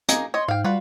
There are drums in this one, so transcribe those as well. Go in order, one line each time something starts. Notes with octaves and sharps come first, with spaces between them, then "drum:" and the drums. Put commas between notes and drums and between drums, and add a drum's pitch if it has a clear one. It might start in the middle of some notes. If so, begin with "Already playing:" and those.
A#3 D#4 G#4, drum: hi-hat
C#5 D#5 C6
G#2 F5 G5
G3 F4 F#4 B4